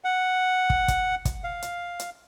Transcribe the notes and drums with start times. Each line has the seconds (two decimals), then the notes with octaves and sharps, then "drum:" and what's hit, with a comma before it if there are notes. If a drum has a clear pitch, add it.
0.04 F#5
0.70 drum: kick
0.88 drum: kick, hi-hat
1.25 drum: kick, hi-hat
1.44 F5
1.62 drum: hi-hat
2.00 drum: hi-hat